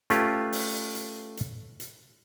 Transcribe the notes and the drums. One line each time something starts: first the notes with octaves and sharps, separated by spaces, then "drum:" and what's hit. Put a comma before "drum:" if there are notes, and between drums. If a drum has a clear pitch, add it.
A3 C#4 F4 G4 B4, drum: hi-hat
drum: open hi-hat
drum: hi-hat
drum: hi-hat
drum: hi-hat